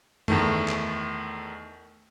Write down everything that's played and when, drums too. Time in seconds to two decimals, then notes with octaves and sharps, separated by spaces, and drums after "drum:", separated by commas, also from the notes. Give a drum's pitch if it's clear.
0.28 E2 D#3 A3, drum: tom F#2
0.68 drum: clap